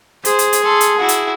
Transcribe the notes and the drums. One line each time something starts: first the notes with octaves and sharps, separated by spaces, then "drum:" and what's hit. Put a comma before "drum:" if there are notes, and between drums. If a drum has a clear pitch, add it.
G#4 C5, drum: hi-hat
drum: hi-hat
drum: hi-hat
A4 C6
drum: hi-hat
E4 F#4
drum: hi-hat